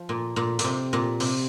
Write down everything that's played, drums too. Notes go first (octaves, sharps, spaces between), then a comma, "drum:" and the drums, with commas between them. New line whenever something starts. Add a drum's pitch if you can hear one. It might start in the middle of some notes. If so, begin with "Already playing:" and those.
Already playing: F3
A#2
A#2
A#2, drum: hi-hat
C3
A#2
C3, drum: open hi-hat